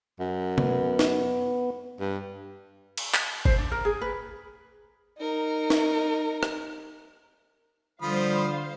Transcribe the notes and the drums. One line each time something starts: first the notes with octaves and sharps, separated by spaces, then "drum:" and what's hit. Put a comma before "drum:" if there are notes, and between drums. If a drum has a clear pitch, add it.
F#2
B3, drum: tom C3
drum: snare
G2
drum: cymbal
drum: clap
C5, drum: kick G1
D4
A#4
G#4
B4
D#4 A#4
drum: snare
drum: rim click
D3 F3 G3 C5 F5 B5 D#6